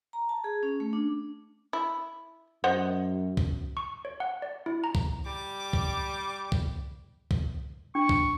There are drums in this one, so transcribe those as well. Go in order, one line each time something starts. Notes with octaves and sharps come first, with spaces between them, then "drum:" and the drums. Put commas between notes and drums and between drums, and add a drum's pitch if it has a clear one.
A#5
A5
G#4
C#4
A3
D4
E4
F#2 C5 D#5 F#5
drum: kick
C#6
C#5
F#5
D5
E4
A#5
drum: kick
G3 D6
drum: kick
drum: kick
drum: kick
D4 C#6
drum: kick